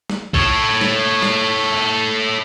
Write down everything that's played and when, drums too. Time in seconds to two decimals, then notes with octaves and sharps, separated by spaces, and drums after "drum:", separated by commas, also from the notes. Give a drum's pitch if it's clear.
0.10 drum: snare
0.34 A4 C#5, drum: kick
0.81 drum: snare
1.22 drum: snare